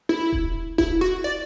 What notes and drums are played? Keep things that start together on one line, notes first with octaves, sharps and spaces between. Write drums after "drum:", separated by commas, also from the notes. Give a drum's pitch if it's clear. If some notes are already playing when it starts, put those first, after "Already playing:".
E4
drum: kick D#1
E4, drum: kick D#1
F#4
D5